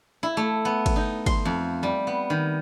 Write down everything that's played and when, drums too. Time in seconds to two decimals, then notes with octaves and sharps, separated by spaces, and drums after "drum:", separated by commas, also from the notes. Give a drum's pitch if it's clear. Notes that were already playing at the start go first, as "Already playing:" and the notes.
0.23 E4
0.37 A3
0.65 B3
0.86 drum: kick, cymbal
0.96 D#4
1.26 C6, drum: kick, cymbal
1.45 F2
1.83 G3
2.07 B3
2.30 D#3